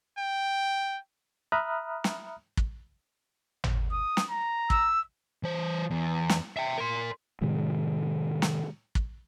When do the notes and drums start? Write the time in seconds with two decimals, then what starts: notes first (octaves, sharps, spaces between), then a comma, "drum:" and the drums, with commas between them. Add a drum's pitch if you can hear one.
0.18 G5
1.52 E5 A#5 B5 D#6 F6 F#6
2.04 drum: snare
2.57 drum: kick
3.64 drum: tom
3.92 D#6
4.17 drum: snare
4.30 A#5
4.70 E6, drum: kick
5.43 E3 C5
5.90 E2
6.29 drum: snare
6.57 E5 G5
6.78 A#4 C6
7.41 A2 C3 D#3 G#3
8.42 drum: snare
8.95 drum: kick